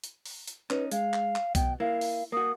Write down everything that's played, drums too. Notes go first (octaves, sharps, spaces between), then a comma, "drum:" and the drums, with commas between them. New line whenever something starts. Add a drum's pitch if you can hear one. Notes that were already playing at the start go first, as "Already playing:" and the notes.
drum: hi-hat
drum: open hi-hat
drum: hi-hat
C#4 D#4 B4, drum: clap
G#3 F5, drum: hi-hat
drum: clap
drum: clap
B2 G5, drum: kick B1, hi-hat
A#3 E4 F5
drum: open hi-hat
A#3 F#4 D#6